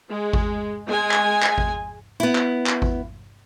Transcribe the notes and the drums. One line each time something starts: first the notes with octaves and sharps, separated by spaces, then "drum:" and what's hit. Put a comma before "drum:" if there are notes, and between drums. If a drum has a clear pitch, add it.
G#3
drum: kick G#1
G#3 G#5
drum: clap
drum: clap
drum: kick G#1
B3 E4
drum: clap
drum: clap
drum: kick G#1